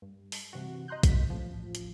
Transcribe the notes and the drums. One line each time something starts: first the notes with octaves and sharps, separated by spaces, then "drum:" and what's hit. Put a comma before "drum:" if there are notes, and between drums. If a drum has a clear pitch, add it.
G2
drum: open hi-hat
G2 C3 E3 F#4
D#5 A#5 C6 F#6 G6
G1 F#3 B6, drum: kick, hi-hat
A1 F3
drum: hi-hat